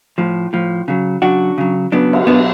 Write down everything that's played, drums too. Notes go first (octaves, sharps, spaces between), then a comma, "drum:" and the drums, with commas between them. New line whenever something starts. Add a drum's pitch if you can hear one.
A2 F3
A2 F3
C#3 F#3
C#3 F#3 D4 F#4
C#3 F#3
C#3 F#3 B3 D4
drum: cymbal
B2 F#3 B3 D4